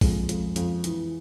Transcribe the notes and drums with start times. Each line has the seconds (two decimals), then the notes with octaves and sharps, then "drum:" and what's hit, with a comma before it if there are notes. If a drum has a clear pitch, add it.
0.01 F2 G#3, drum: kick, open hi-hat
0.29 F2, drum: hi-hat
0.56 F2, drum: hi-hat
0.84 E3, drum: hi-hat